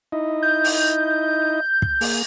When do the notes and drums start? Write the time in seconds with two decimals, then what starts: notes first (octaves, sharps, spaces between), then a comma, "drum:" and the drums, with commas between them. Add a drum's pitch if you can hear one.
0.12 D#4 E4 D#5
0.43 G6
0.64 drum: open hi-hat
1.82 drum: kick
2.01 A#3 G#4, drum: open hi-hat